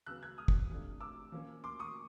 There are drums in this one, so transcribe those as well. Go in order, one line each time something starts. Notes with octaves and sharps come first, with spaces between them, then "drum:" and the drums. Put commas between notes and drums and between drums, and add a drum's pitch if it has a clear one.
C#3 F#3 B3 E6 F#6
F#6 G#6
D#6 F6
drum: kick
C3 F3 A3 D4
D6 E6
F3 A#3 C#4
C6 D6
C#6 D#6